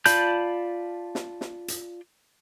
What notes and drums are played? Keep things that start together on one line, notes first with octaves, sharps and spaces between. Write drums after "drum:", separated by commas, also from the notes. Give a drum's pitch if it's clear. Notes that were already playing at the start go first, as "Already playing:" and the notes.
F4 D5 A5 B5 G6, drum: hi-hat
drum: snare
drum: snare
drum: hi-hat